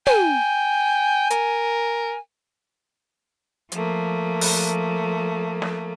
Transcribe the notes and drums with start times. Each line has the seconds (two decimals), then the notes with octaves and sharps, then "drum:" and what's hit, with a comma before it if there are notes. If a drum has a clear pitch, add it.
0.07 G5 G#5, drum: tom
1.30 A#4, drum: hi-hat
3.72 F3 A3 A#3, drum: hi-hat
4.41 drum: open hi-hat
5.62 drum: snare